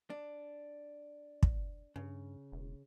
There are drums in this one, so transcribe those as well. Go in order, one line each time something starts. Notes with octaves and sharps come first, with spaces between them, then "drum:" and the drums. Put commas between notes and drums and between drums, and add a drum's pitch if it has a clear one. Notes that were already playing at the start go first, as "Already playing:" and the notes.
D4
drum: kick
G2 C#3
E1